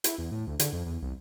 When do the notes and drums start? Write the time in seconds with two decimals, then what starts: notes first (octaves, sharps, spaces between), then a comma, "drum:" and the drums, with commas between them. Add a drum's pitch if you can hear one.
0.04 E4, drum: hi-hat
0.18 E2
0.32 A2
0.47 D2
0.59 D3, drum: hi-hat
0.73 F2
0.86 E2
1.02 C2